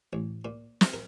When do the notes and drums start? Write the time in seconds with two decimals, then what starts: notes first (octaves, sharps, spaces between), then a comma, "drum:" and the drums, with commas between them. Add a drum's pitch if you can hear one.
0.13 A1
0.45 A#2
0.81 drum: snare
0.94 A#4